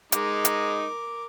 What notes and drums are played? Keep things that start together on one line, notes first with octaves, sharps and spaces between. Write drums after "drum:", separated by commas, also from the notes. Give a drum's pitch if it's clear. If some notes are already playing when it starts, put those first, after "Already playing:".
G#3 D#4 A#4 D6, drum: hi-hat
drum: hi-hat